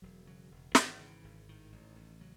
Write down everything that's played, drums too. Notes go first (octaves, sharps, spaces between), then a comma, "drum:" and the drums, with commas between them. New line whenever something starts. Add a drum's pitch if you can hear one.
E1 F#3
C#3 F#3
E1
G#1 E3, drum: snare
C#3
G#1
A2 D#3
A1
A1
C#3 F#3